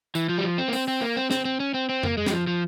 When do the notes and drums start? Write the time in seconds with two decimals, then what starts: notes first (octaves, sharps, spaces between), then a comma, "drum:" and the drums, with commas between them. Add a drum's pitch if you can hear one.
0.15 E3, drum: tambourine
0.29 F3
0.38 G3
0.44 F3
0.58 C4
0.68 A#3
0.73 C4, drum: open hi-hat
0.88 C4
1.02 A#3
1.17 C4
1.31 C4, drum: snare
1.45 C4
1.60 C#4
1.74 C4
1.89 C4
2.03 A#3, drum: tom F2
2.17 G#3
2.26 G3, drum: snare
2.32 F3
2.47 F3